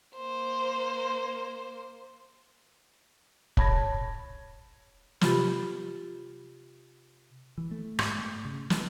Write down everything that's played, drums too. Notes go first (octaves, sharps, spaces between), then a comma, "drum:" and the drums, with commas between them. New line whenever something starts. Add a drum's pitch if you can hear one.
A#3 C5
C#5 A5 B5 G#6 A#6, drum: kick
C3 F4 G4 B5 A6, drum: snare
E3
A3
G#2, drum: rim click
A3
C#3
E3, drum: snare